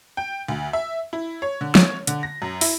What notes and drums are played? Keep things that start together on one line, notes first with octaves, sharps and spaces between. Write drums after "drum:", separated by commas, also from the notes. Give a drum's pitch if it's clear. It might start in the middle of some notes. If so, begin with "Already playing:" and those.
G5
D2
E5
E4
C#5
D3
C#5, drum: snare
D3, drum: hi-hat
A#6
F#2
E4, drum: open hi-hat